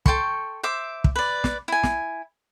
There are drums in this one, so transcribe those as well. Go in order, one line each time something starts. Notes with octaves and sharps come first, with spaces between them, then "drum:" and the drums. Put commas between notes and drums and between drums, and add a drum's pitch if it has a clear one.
A4 G5 C6 C#6, drum: kick
C5 E5 D6
drum: kick
B4 D5
drum: snare
E4 G#5
drum: snare